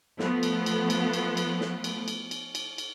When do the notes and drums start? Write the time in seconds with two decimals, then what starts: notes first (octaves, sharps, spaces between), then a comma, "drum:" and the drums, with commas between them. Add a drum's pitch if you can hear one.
0.19 F3 A3 B3, drum: snare
0.43 drum: cymbal
0.66 drum: cymbal
0.90 drum: cymbal
1.13 drum: cymbal
1.37 drum: cymbal
1.61 drum: snare
1.84 drum: cymbal
2.08 drum: cymbal
2.31 drum: cymbal
2.55 drum: cymbal
2.78 drum: cymbal